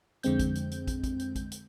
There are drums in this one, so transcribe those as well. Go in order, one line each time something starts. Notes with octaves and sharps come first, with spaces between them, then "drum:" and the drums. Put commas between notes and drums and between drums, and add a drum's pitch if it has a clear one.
F2 D3 G#3 C4 G6, drum: hi-hat
drum: kick, hi-hat
drum: hi-hat
drum: hi-hat
drum: kick, hi-hat
drum: kick, hi-hat
drum: hi-hat
drum: kick, hi-hat
drum: hi-hat